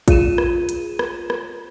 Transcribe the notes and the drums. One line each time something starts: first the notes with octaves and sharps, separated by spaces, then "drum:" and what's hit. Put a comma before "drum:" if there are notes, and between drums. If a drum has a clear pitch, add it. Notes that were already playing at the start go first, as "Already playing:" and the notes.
F4 G#4 D#7 E7, drum: kick, hi-hat
drum: rim click
drum: hi-hat
drum: rim click
drum: rim click